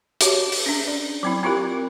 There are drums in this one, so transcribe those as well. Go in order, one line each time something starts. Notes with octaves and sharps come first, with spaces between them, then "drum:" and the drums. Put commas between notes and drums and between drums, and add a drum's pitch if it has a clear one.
F#4 G4 C#5 A5, drum: hi-hat
drum: open hi-hat
C#4 D4
D5
F#3 C4 E4
C4 E4 F4 G4 A#4